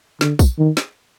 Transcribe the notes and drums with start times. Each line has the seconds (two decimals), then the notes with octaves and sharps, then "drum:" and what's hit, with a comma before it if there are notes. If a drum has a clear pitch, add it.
0.21 D3, drum: snare
0.39 drum: kick, tambourine
0.59 D#3
0.77 drum: snare